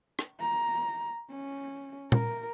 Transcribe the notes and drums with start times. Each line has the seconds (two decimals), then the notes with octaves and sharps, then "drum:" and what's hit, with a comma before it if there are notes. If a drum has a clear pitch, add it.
0.19 drum: rim click
0.40 A#5
1.31 C#4
2.12 A#4, drum: tom A#2